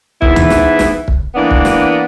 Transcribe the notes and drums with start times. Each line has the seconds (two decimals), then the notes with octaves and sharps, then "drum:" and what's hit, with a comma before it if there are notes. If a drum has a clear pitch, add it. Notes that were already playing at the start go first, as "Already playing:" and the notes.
0.22 G#2 E3 B3 E4, drum: kick
0.36 drum: tom D2
0.50 drum: snare
0.79 drum: snare
1.08 drum: kick
1.35 E3 A#3 B3 D4
1.51 drum: kick
1.65 drum: snare